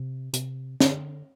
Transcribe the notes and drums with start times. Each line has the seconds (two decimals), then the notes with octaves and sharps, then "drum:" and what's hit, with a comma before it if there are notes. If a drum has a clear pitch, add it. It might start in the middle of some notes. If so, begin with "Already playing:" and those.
Already playing: C3
0.34 C3, drum: hi-hat
0.80 D3, drum: snare